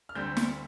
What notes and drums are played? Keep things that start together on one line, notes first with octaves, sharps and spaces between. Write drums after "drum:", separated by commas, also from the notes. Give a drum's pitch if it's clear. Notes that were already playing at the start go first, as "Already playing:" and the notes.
F6
D2 D3 G3 C4 G6
drum: snare